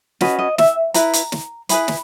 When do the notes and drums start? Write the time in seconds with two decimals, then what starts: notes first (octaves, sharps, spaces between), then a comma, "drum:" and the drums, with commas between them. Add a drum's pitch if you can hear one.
0.21 C#4 F#4 B4 D#5, drum: snare
0.39 D#5
0.58 E5, drum: snare
0.94 E4 B4 A#5, drum: hi-hat
1.13 drum: hi-hat
1.32 drum: snare
1.69 E4 G#4 B4 B5, drum: hi-hat
1.88 drum: snare